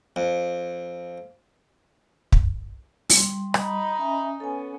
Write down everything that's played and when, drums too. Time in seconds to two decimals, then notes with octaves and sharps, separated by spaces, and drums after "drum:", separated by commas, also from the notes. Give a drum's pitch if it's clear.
0.16 F2
2.32 drum: kick
3.10 G3 C6, drum: open hi-hat
3.54 D#4 D#5 B5, drum: rim click
3.98 C#4 E5 G#5
4.40 B3 C#4 A4 G#5